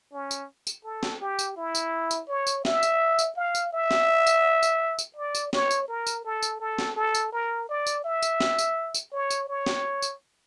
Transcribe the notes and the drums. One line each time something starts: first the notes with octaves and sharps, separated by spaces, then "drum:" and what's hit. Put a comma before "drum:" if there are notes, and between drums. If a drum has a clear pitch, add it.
C#4
drum: tambourine
drum: tambourine
A4
drum: snare
G4
drum: tambourine
E4
drum: tambourine
drum: tambourine
C#5
drum: tambourine
E5, drum: snare
drum: tambourine
drum: tambourine
F5
drum: tambourine
E5
drum: snare
drum: tambourine
drum: tambourine
drum: tambourine
D5
drum: tambourine
C#5, drum: snare
drum: tambourine
A#4
drum: tambourine
A4
drum: tambourine
A4
drum: snare
A4
drum: tambourine
A#4
D5
drum: tambourine
E5
drum: tambourine
drum: snare
drum: tambourine
drum: tambourine
C#5
drum: tambourine
C#5
drum: snare
drum: tambourine